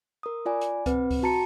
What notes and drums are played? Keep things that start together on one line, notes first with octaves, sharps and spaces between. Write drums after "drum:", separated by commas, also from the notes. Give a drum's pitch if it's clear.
A#4 D#6
F4 D5 G#5
drum: hi-hat
C4 B4, drum: kick C#2, hi-hat
drum: kick C#2, open hi-hat
F#4 A5 A#5 C#7